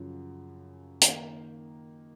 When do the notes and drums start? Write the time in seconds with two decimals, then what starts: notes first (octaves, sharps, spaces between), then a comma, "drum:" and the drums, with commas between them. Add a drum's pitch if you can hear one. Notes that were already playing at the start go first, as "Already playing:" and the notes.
Already playing: F#2 C#3 F3
1.01 D#3 A#3 D#4, drum: hi-hat